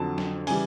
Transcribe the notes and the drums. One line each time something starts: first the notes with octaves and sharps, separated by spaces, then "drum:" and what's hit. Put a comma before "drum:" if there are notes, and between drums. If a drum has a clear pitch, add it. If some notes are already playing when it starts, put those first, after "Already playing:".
Already playing: F2 D3 F#3 A5
drum: snare F#3
C#3 E3 G3 G#5, drum: open hi-hat